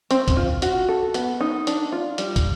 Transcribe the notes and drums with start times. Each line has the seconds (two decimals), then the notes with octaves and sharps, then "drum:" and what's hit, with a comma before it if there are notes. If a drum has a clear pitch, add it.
0.11 C4, drum: hi-hat
0.28 drum: kick, hi-hat
0.37 F4
0.62 F#4, drum: hi-hat
0.89 A4
1.14 B3, drum: hi-hat
1.41 D#4
1.67 D4, drum: hi-hat
1.92 F4
2.18 G3, drum: hi-hat
2.36 drum: kick, hi-hat